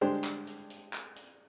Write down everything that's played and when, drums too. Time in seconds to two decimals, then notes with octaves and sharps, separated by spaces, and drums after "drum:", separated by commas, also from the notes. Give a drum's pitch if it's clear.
0.01 D3 G#3 D4 G4 C5
0.24 drum: clap
0.47 drum: hi-hat
0.70 drum: hi-hat
0.93 drum: clap
1.16 drum: hi-hat